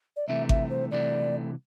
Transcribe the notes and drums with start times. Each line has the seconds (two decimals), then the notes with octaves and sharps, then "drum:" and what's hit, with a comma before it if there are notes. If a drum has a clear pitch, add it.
0.16 D5
0.28 C2 C3 E3 A3 E5
0.49 E5, drum: kick G#1
0.70 C5
0.91 C2 C3 E3 A3 D5